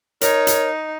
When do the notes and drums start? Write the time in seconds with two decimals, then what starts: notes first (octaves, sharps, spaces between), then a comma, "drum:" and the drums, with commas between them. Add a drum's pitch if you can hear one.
0.21 D#4 A#4 C#5, drum: hi-hat
0.47 drum: hi-hat